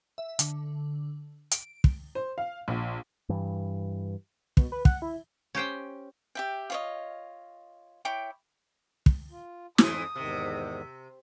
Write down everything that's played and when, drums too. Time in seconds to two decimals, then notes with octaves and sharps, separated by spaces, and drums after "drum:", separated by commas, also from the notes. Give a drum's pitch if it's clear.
0.18 E5
0.39 D3, drum: hi-hat
1.51 D7, drum: hi-hat
1.84 drum: kick
2.15 C5
2.38 F5
2.68 A#1
3.29 G2 E3
4.57 B2, drum: kick
4.72 B4
4.85 F#5, drum: kick
5.02 E4
5.55 C#4 G4 C5 G5
6.35 G4 E5 G5
6.70 F4 C#5 D#5
8.05 E4 C#5 G5 D6
9.06 drum: kick
9.31 F4
9.78 F2 G#2 E3 D#6, drum: snare
10.16 E2 G#2 C3 D#3